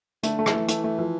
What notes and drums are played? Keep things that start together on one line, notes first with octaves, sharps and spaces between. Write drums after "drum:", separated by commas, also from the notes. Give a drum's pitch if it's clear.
D3 A3, drum: hi-hat
A3
E3, drum: rim click
A3
A3, drum: hi-hat
A3
F3